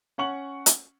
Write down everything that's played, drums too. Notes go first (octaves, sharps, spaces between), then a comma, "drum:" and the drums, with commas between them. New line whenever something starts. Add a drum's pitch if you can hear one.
C#4 F#5 C#6 F#7
drum: hi-hat